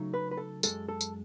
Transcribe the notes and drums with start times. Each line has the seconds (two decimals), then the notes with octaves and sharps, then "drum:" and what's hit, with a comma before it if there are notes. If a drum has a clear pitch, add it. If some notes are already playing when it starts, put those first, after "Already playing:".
Already playing: C#3 F#3 A3 D#4
0.14 B4
0.31 B4
0.37 A4
0.63 F#2 C#3 G#3 A4, drum: tambourine
0.88 A4
1.01 drum: tambourine